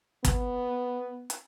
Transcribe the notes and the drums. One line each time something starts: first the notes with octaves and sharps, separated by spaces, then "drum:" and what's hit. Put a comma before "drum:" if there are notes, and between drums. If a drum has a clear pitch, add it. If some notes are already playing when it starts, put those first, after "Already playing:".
B3, drum: kick, hi-hat
drum: hi-hat